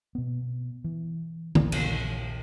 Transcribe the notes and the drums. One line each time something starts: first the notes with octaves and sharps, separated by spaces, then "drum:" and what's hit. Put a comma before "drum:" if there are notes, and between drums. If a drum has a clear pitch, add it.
B2 B3
E3
A#1 D#2 C#3 E3, drum: tom D3
drum: cymbal